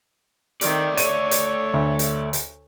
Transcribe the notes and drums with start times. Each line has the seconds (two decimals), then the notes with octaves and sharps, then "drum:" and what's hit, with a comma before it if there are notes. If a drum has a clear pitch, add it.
0.61 D#3 A3 C4 D5, drum: hi-hat
0.97 A4 C#5 D#7, drum: hi-hat
1.31 drum: hi-hat
1.73 D2
1.99 drum: hi-hat
2.33 drum: hi-hat